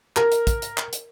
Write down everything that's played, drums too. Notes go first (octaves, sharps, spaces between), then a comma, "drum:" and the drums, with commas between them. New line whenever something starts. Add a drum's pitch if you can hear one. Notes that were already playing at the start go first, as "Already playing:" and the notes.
A#4, drum: clap
drum: hi-hat
drum: kick, hi-hat
drum: hi-hat
drum: clap
drum: hi-hat